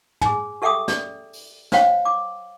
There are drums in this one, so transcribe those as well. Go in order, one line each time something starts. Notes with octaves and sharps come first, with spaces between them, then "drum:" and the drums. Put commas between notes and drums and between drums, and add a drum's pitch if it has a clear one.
G#4 G#5, drum: tom
G4 A4 E5 G5 D6 D#6
D5, drum: snare
drum: open hi-hat
C5 C#5 F5 G5, drum: snare
D6